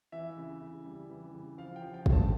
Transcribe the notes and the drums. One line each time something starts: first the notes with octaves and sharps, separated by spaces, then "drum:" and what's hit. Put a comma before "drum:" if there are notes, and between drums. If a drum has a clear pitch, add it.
E3 E5
C#3
C#3
G3
E3
C#3
F3 F5
G5
F3
G5
C#3, drum: kick
A5